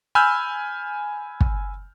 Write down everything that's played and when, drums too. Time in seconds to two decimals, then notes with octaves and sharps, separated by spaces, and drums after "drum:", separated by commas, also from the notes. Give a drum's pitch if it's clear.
0.15 G#5 B5 E6 F6 G6
1.41 drum: kick